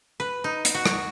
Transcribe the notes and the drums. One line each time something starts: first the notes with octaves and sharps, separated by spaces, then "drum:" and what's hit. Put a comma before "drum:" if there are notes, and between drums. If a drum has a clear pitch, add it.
B4
D#4
drum: hi-hat
F#4
drum: rim click